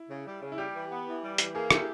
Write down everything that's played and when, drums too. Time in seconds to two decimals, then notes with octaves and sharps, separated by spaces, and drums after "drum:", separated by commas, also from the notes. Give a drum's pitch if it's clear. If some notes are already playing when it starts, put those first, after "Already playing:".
Already playing: E4
0.09 C#3
0.25 G3
0.41 C#3
0.52 E4
0.57 G3 G4
0.73 E3
0.90 B3
1.06 E3
1.22 G3
1.38 E3, drum: hi-hat
1.54 A#3 G#4
1.71 E4 G4, drum: rim click